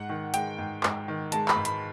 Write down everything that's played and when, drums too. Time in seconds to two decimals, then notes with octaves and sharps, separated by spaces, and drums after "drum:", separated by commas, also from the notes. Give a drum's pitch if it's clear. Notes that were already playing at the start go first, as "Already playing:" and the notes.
Already playing: G#2 F#5
0.09 D#3
0.34 G#3 G5, drum: hi-hat
0.58 G#2
0.83 G#2, drum: clap
1.08 D#3
1.32 G#3 A5, drum: hi-hat
1.48 B5, drum: clap
1.56 G#2
1.65 B5, drum: hi-hat